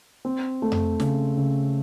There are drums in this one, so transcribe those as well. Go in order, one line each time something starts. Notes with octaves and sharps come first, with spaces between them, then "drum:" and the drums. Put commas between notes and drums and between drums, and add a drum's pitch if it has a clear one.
C4
A3
drum: tom F2
C#3, drum: snare
C#3